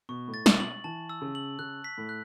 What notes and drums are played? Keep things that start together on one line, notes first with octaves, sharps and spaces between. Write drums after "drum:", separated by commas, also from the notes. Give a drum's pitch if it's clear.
B2 C#6
A2
A6
B2, drum: snare
F#7
E3 A5
E6
C#3
F#7
C#3 F#6
B6
A2
F#6